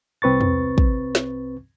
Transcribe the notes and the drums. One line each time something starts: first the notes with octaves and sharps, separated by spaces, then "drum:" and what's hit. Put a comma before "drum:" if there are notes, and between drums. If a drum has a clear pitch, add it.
C2 C4 B4 C#6 A6
drum: tom E2
drum: kick
drum: snare